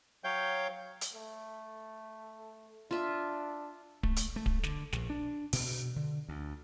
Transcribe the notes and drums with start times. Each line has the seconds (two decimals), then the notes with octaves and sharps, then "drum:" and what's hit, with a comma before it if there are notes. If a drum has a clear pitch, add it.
0.24 F#3 C#5 F5 G5 G6
1.01 drum: hi-hat
1.14 A3
2.91 D4 F4 E5
4.03 A3, drum: kick D1
4.16 drum: hi-hat
4.36 A3
4.46 drum: kick D1
4.63 D3, drum: snare
4.92 A#1, drum: snare
5.10 D4
5.53 B2, drum: open hi-hat
5.96 D3
6.29 D2